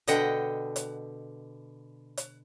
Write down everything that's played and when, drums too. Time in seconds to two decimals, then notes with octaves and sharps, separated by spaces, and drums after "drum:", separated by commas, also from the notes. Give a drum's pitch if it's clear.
0.08 B2 D3 D#5 F#5 G5, drum: hi-hat
0.76 drum: hi-hat
2.17 drum: hi-hat